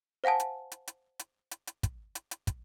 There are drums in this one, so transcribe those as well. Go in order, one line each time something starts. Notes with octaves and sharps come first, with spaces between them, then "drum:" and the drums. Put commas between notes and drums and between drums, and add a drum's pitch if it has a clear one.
C5 F5 F#5 G#5 A5
drum: hi-hat
drum: hi-hat
drum: hi-hat
drum: hi-hat
drum: hi-hat
drum: hi-hat
drum: kick, hi-hat
drum: hi-hat
drum: hi-hat
drum: kick, hi-hat